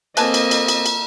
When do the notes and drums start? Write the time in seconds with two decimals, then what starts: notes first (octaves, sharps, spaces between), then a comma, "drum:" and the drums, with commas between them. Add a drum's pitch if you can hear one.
0.17 A#3 C4 A4 B4 D#5 G#5 A5, drum: cymbal
0.34 drum: cymbal
0.51 drum: cymbal
0.68 drum: cymbal
0.86 drum: cymbal